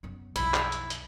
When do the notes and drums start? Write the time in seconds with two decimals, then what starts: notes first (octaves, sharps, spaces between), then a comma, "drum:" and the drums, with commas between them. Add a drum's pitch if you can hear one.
0.03 F#2 B3
0.36 B1 F2 E4, drum: hi-hat
0.54 drum: clap
0.72 drum: hi-hat
0.90 drum: hi-hat